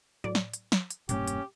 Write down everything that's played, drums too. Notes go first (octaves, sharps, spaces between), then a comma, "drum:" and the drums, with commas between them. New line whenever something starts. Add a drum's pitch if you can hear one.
A2 F#3 D5
drum: snare
drum: hi-hat
drum: snare
drum: hi-hat
E1 G2 A#2 A#3 C#4 G4, drum: hi-hat
drum: hi-hat